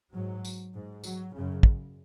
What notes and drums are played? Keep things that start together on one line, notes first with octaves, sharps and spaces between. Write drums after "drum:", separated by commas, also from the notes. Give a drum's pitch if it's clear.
G#2 F#3
drum: tambourine
G#2
F#3, drum: tambourine
F#2 C#3
drum: kick